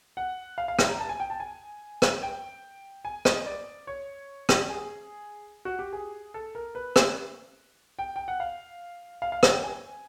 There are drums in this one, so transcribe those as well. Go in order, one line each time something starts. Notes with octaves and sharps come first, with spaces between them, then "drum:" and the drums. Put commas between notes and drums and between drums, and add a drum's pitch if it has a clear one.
F#5
F5
F5
E5, drum: rim click
A#5
A5
G#5
G5
A5
G#5
drum: rim click
G5
G#5
D#5, drum: rim click
D5
C#5
drum: rim click
G#4
F#4
G4
G#4
A4
A#4
B4
drum: rim click
G5
G5
F#5
F5
F5
F5
F#5, drum: rim click
G5
G#5